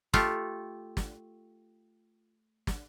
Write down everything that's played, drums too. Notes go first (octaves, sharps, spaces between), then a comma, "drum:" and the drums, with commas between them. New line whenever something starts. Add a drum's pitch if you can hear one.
A3 F4 G4 A4, drum: snare
drum: snare
drum: snare